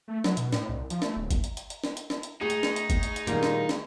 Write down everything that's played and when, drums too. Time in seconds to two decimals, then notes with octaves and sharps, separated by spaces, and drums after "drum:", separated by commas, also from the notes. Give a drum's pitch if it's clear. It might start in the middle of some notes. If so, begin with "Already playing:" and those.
0.08 A3
0.24 F#3, drum: snare
0.37 B2, drum: hi-hat
0.53 A2, drum: snare
0.69 C2
0.90 F3, drum: hi-hat
1.02 A3, drum: snare
1.16 D1
1.31 drum: kick G1, hi-hat
1.44 drum: hi-hat
1.57 drum: hi-hat
1.70 drum: hi-hat
1.84 drum: snare
1.97 drum: hi-hat
2.10 drum: snare
2.23 drum: hi-hat
2.41 A2 D#4 G#4
2.50 drum: hi-hat
2.63 drum: snare
2.76 drum: hi-hat
2.90 drum: kick G1, hi-hat
3.03 drum: hi-hat
3.16 drum: hi-hat
3.27 A#2 D#3 G3 A#3 F4, drum: hi-hat
3.43 drum: snare
3.69 drum: snare